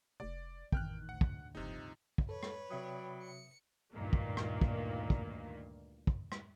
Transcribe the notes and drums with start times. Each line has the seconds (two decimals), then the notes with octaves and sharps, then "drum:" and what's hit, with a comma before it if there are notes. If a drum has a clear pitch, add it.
0.20 F1 D5
0.72 G#1 E2 A2 D#3 G5 F6 F#6, drum: kick
1.09 D2 F#5
1.21 drum: kick
1.55 F#1 D2 G2 C3 F3 D#4
2.18 drum: kick
2.29 A4 B4 C#5
2.43 drum: rim click
2.71 C3 F#3 D5 E5 G5 B5 D#6
3.22 C#7
3.93 D2 G2 A#2 D#3 A#3
4.13 drum: kick
4.37 drum: rim click
4.61 drum: kick
5.10 drum: kick
6.07 drum: kick
6.32 drum: rim click